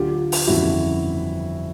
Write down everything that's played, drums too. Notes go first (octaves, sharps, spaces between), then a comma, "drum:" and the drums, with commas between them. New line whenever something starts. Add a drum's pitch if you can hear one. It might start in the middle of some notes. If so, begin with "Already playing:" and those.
Already playing: D2 D3 F#3 F4 G4
drum: open hi-hat
G1 F2 C#3 E3 E4 F#4